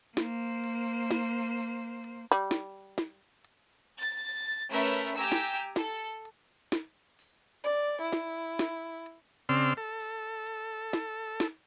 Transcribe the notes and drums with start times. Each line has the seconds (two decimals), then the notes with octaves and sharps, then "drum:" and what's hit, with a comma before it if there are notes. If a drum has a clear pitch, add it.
0.17 A#3 C5, drum: snare
0.64 drum: hi-hat
1.11 drum: snare
1.57 drum: open hi-hat
2.04 drum: hi-hat
2.31 G3
2.51 drum: snare
2.98 drum: snare
3.45 drum: hi-hat
3.99 A6
4.38 drum: open hi-hat
4.70 A3 C#4 A#4 B4 E5
4.85 drum: hi-hat
5.15 G4 G#5 A#5 E6
5.32 drum: snare
5.76 A4, drum: snare
6.25 drum: hi-hat
6.72 drum: snare
7.19 drum: open hi-hat
7.64 D5
8.01 E4
8.13 drum: snare
8.59 drum: snare
9.06 drum: hi-hat
9.49 C#3 C4 D5 C6 E6 F6
9.77 A4
10.00 drum: open hi-hat
10.47 drum: hi-hat
10.93 drum: snare
11.40 drum: snare